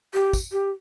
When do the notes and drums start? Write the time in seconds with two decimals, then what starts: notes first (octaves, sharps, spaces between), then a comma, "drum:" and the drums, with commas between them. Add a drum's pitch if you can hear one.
0.14 G4
0.33 drum: kick, tambourine
0.52 G4